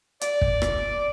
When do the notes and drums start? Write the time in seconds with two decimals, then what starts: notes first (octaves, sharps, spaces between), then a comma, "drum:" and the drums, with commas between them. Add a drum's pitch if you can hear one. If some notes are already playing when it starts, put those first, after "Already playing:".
0.21 D5, drum: hi-hat
0.41 drum: kick
0.62 drum: rim click